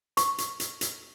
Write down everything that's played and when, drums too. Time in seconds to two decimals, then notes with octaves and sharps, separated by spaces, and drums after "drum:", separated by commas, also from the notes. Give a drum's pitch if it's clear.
0.17 C#6, drum: hi-hat
0.38 drum: hi-hat
0.60 drum: hi-hat
0.81 drum: hi-hat